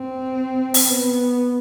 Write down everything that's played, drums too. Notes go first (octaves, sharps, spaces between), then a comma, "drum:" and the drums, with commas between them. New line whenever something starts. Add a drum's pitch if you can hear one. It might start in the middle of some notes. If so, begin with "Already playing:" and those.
Already playing: C4
drum: open hi-hat
B3